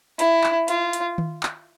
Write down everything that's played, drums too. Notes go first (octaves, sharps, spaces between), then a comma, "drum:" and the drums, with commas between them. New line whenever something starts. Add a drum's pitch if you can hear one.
E4, drum: hi-hat
drum: clap
F4, drum: hi-hat
drum: hi-hat
drum: tom D#3
drum: clap